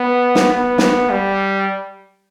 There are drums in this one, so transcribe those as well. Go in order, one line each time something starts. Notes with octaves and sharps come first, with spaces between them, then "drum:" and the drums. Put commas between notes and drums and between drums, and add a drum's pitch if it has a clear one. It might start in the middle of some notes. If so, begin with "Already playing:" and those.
Already playing: B3
drum: snare
B3
drum: snare
G3